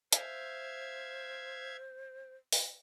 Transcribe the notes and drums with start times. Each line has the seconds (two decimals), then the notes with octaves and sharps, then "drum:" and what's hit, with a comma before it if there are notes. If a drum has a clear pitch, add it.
0.13 C5 E5 F5 G#6, drum: hi-hat
2.52 drum: open hi-hat